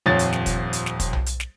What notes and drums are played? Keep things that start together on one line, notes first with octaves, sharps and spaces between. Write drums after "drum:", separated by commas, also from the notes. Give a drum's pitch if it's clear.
D#1 F2 C#5 A6
drum: hi-hat
drum: snare
drum: kick, hi-hat
drum: hi-hat
drum: snare
drum: kick, hi-hat
drum: tom B1
drum: hi-hat
drum: snare